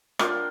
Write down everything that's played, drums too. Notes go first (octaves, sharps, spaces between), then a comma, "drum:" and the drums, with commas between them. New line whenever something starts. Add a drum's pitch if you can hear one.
A#3 D4 F4 G5, drum: rim click